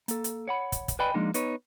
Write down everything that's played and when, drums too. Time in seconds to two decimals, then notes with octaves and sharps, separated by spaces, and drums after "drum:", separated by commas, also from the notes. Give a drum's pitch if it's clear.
0.08 A#3 A4, drum: hi-hat
0.24 drum: hi-hat
0.48 C#5 F#5 B5
0.72 drum: kick, hi-hat
0.88 drum: kick, hi-hat
0.99 B4 D5 D#5 G5 G#5 B5
1.14 F3 G#3 A#3 D4 D#4
1.34 B3 D#4 B4 C#5, drum: hi-hat